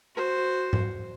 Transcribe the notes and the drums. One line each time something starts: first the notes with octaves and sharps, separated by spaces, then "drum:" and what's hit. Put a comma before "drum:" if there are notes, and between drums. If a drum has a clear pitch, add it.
F#4 C5
drum: tom G#2